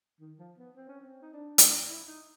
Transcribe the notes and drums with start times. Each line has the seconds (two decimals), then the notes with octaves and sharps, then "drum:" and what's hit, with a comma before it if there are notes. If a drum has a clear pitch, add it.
0.21 D#3
0.39 F3
0.58 B3
0.77 C4
0.89 C#4
1.01 C4
1.22 D#4
1.33 D4
1.58 drum: hi-hat
1.89 E4
2.08 D#4